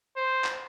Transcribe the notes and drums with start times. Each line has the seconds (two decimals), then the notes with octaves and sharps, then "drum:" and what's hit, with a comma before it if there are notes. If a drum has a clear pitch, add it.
0.17 C5
0.44 drum: clap